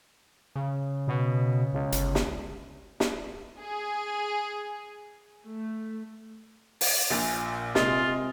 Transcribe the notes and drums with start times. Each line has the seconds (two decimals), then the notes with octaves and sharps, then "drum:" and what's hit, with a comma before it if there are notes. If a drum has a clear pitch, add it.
0.56 C#3
1.08 B2
1.73 C#2
1.92 G1, drum: hi-hat
2.15 drum: snare
3.00 drum: snare
3.61 G#4
5.45 A3
6.81 drum: open hi-hat
7.10 A#1 A#2 G#5 A6
7.75 C3 G#3 A#3 F4 D#5, drum: snare